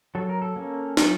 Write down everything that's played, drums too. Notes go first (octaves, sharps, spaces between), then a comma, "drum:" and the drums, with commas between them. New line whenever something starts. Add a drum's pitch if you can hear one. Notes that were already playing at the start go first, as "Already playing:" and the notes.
F#3 A4
A#4
A4
A#3 C#4
F#3 F4, drum: snare